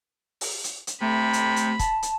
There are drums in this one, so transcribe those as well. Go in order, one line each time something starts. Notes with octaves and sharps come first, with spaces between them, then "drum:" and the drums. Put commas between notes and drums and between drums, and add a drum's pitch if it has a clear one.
drum: open hi-hat
drum: hi-hat
drum: hi-hat
C3 A3 B5
drum: hi-hat
drum: hi-hat
A5, drum: kick, hi-hat
drum: hi-hat